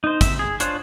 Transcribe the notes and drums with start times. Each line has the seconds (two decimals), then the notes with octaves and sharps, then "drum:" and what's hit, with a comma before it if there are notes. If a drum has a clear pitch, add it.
0.04 D#4 C5
0.21 E5, drum: kick, hi-hat
0.39 G#4
0.60 D4 F4 C5 C#5 F#5, drum: hi-hat